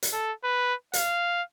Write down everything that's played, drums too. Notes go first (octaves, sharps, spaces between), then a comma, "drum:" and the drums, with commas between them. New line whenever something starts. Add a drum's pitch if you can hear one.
drum: hi-hat
A4
B4
F5, drum: hi-hat